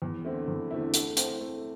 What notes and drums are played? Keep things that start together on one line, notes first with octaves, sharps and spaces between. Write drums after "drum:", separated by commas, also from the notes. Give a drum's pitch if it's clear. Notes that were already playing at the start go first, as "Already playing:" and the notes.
E2
D3 A3 C4 E4
E2
D3 A3 C4 E4
A3, drum: hi-hat
C4 E4, drum: hi-hat
A3